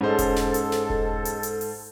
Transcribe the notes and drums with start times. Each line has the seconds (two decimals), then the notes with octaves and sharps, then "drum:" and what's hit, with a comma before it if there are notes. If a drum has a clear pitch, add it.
0.01 G#2 C#4 G#4 A4 C5 D#5
0.19 drum: kick E1, hi-hat
0.36 drum: snare
0.54 drum: hi-hat
0.72 drum: snare
0.90 drum: kick E1
1.25 drum: hi-hat
1.43 drum: hi-hat
1.61 drum: open hi-hat